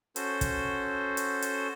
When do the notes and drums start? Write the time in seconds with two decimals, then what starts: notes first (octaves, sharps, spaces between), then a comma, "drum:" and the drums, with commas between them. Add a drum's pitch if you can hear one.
0.16 C#4 F#4 A4 C5, drum: hi-hat
0.41 drum: kick, hi-hat
1.17 drum: hi-hat
1.42 drum: hi-hat